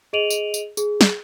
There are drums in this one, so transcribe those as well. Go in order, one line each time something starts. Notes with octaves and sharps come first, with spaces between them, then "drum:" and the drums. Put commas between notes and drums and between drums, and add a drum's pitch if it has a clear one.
G#4 D#5 D7 D#7 F7 F#7
drum: tambourine
drum: tambourine
G#4, drum: tambourine
drum: snare